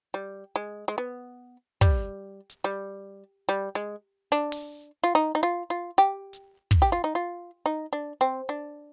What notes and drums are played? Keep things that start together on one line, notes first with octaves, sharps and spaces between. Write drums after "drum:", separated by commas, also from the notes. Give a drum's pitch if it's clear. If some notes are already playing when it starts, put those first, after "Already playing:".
G3
G#3
G#3
B3
G3, drum: kick
drum: hi-hat
G3
G3
G#3
D4
drum: open hi-hat
F4
D#4
D#4
F4
F4
G4
drum: hi-hat
drum: kick
G4
F4
D#4
F4
D#4
D4
C4
D4